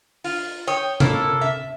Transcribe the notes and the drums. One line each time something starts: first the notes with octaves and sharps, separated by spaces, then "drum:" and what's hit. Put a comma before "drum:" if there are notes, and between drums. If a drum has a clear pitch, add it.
F4, drum: open hi-hat
C#5 G5 D#6
A#3 E4 A4, drum: tom C3
E5